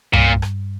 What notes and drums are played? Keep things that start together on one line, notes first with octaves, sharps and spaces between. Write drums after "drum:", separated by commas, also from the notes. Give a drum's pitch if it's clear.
G2 A#2, drum: tom C2
drum: rim click